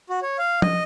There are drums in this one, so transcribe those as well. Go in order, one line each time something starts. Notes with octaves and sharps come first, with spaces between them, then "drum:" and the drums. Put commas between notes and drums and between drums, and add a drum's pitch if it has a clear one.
F#4
C#5
F5
D#5, drum: tom F3